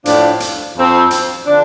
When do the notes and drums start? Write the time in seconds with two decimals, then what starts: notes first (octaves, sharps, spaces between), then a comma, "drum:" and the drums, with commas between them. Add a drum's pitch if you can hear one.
0.05 A2 F3 D4, drum: hi-hat
0.40 drum: hi-hat
0.75 F2 F3 C4
1.11 drum: hi-hat
1.45 D3 F3 D4